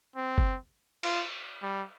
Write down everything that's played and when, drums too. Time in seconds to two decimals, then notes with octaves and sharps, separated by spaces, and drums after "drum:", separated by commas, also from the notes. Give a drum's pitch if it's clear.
0.16 C4
0.38 drum: kick G1
1.03 F4, drum: cymbal
1.62 G3